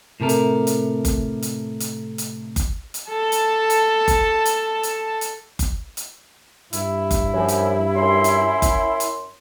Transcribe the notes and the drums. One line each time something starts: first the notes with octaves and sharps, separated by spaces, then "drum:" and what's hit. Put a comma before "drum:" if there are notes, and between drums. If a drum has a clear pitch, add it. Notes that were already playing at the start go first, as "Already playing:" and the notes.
A2 C3 A4 A#4
drum: hi-hat
drum: hi-hat
drum: kick F#1, hi-hat
drum: hi-hat
drum: hi-hat
drum: hi-hat
drum: kick F#1, hi-hat
drum: hi-hat
A4 A5
drum: hi-hat
drum: hi-hat
drum: kick F#1, hi-hat
drum: hi-hat
drum: hi-hat
drum: hi-hat
drum: kick F#1, hi-hat
drum: hi-hat
G2 E4, drum: hi-hat
drum: kick F#1, hi-hat
F#2 F3
drum: hi-hat
F#2 C6
drum: hi-hat
drum: kick F#1, hi-hat
drum: hi-hat